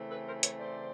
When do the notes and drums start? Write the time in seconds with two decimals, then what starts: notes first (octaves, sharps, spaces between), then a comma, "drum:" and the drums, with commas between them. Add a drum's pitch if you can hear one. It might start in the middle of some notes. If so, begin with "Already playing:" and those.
Already playing: C#3 E3 A3 C4
0.10 A4 B4
0.27 A#4 C5
0.43 B4 C#5, drum: hi-hat
0.60 C5 D5